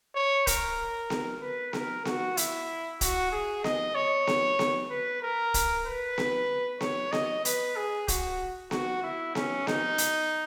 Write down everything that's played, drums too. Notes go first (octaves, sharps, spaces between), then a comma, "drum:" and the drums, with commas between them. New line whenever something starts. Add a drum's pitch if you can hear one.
C#5
A#4, drum: kick, hi-hat
drum: snare B3
B4
A#4, drum: snare B3
F#4, drum: snare B3
E4, drum: hi-hat
F#4, drum: kick, hi-hat
G#4
D#5, drum: snare B3
C#5
drum: snare B3
drum: snare B3
B4
A#4
drum: kick, hi-hat
B4
drum: snare B3
C#5, drum: snare B3
D#5, drum: snare B3
B4, drum: hi-hat
G#4
F#4, drum: kick, hi-hat
F#4, drum: snare B3
E4
C#4, drum: snare B3
D#4, drum: snare B3
drum: hi-hat